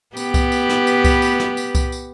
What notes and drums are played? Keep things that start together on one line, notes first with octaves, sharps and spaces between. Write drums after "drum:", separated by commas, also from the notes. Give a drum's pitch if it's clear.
B3 G4 B4, drum: tambourine
drum: kick C2, tambourine
drum: tambourine
drum: snare
drum: tambourine
drum: kick C2, tambourine
drum: tambourine
drum: snare
drum: tambourine
drum: kick C2, tambourine
drum: tambourine